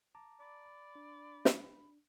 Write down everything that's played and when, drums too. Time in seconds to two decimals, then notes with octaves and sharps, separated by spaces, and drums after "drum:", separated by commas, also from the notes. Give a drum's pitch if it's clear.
0.15 A5 A#5 D6
0.40 D5 B5
0.95 D4
1.45 drum: snare